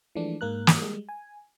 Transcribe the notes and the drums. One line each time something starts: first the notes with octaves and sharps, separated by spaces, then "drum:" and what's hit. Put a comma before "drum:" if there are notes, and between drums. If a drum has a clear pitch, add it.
E3 F3 G#3 A3 D4
G#2 A#3 A#4 F#6
drum: snare
G3 G#3
G#5